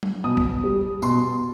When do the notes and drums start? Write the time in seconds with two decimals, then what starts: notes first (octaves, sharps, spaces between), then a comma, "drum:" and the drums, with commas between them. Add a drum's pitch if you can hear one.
0.03 drum: tom F#3
0.24 B2 D#6
0.37 drum: kick
0.64 G3
1.02 B2 C6, drum: tambourine